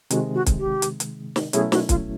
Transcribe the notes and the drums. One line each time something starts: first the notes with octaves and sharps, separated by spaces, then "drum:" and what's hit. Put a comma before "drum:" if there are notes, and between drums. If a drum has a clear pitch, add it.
C3 D#3 G#3 F#4, drum: hi-hat
F#4
drum: kick, hi-hat
G4
drum: hi-hat
drum: hi-hat
drum: snare
B2 F#3 A3 C#4 E4 G#4, drum: hi-hat
F#4, drum: snare
F4, drum: kick, hi-hat